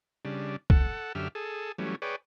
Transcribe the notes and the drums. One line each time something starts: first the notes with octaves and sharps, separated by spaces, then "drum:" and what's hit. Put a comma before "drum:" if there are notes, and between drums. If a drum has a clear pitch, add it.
C#3 G3 D4
A4 F#5, drum: kick C2
F#2 D3 G4 E5 F6
G#4 A4
E3 F#3 G3 A3 C#4
G#4 B4 C#5 D5 G5